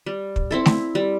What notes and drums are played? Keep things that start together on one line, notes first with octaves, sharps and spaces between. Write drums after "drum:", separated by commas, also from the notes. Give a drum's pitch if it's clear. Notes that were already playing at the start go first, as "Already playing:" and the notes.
G3
drum: kick
C4 E4 A4
drum: snare A3
G3